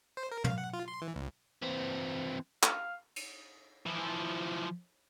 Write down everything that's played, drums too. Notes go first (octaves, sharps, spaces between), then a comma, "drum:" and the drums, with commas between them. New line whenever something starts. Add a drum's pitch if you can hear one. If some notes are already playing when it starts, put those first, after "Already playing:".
C5
A#4
F5, drum: tom
F#5
F4
C6
E3
C#2
E3 C4
F5, drum: clap
drum: cymbal
E3 F3